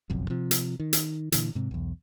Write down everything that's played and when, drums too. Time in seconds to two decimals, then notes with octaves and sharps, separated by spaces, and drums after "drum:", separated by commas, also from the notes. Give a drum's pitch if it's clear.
0.10 F#1 B1 F2
0.30 C3 F3
0.51 drum: hi-hat
0.80 D#3
0.93 drum: hi-hat
1.32 A#2 D3 E3, drum: hi-hat
1.55 G#2 C3
1.71 B1 E2